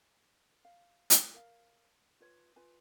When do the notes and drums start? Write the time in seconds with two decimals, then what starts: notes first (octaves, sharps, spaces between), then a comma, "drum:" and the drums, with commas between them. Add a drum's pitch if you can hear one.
0.65 F5
1.10 drum: hi-hat
1.34 A#4 F5
2.20 F4 B4 C#5
2.56 F4 B4 G#5